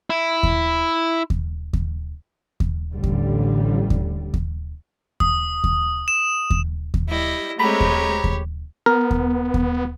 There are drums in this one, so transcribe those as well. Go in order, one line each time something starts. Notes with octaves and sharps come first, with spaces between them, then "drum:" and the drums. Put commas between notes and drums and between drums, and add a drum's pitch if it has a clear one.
E4
drum: kick D#2
drum: kick D#2
drum: kick D#2
drum: kick D#2
A1 D3 G3
drum: kick D#2
drum: kick D#2
drum: kick D#2
D#6, drum: kick D#2
drum: kick D#2
E7
drum: kick D#2
drum: kick D#2
G3 E4 D#5
G#3 A3 C4 G4 C#5 A#5 B5
drum: kick D#2
drum: kick D#2
B3 A#4
drum: kick D#2
drum: kick D#2